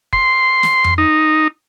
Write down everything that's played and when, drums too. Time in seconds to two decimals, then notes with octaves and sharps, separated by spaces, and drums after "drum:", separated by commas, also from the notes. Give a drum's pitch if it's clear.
0.13 C6, drum: kick
0.63 drum: snare
0.84 drum: tom F2
0.98 D#4